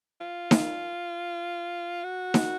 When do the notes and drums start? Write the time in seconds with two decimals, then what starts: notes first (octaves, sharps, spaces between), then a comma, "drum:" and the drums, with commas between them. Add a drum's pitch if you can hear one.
0.21 F4
0.51 drum: snare D#4
2.03 F#4
2.34 drum: snare D#4